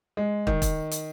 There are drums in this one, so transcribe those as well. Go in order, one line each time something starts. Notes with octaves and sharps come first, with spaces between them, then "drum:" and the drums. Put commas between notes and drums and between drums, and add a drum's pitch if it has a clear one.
G#3
D#3, drum: kick
drum: kick, hi-hat
drum: hi-hat